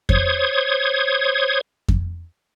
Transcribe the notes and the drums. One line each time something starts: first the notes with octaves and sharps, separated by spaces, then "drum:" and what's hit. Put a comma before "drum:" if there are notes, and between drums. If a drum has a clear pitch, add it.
C5 C#5 D#6 G#6, drum: kick F2
drum: kick F2